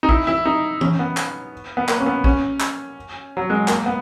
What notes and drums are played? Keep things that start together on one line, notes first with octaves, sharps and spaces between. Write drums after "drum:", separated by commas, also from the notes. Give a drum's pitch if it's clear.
D#4
E4, drum: kick A#1
E4
D#4
C#4, drum: tom
B3
drum: clap
B3
A#3, drum: clap
C#4
B3
C#4, drum: kick A#1
drum: clap
F#3
G#3
A#3, drum: clap
B3